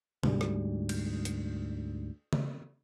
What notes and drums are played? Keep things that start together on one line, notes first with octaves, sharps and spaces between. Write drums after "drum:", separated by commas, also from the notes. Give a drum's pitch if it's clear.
D2 G#2 G3, drum: tom C3
drum: rim click
drum: cymbal
drum: hi-hat
drum: tom C#3